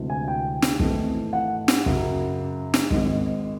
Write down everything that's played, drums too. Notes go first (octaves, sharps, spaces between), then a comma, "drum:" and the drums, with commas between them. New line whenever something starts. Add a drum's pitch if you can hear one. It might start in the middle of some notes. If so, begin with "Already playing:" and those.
Already playing: D2 C3 E3 G#3
G#5
G5
drum: snare
G#1 G#2 E3 A3 C4, drum: kick
F#5
drum: snare
F#2 C#3 F#3, drum: kick
drum: snare
G#1 G#2 D#3 G#3, drum: kick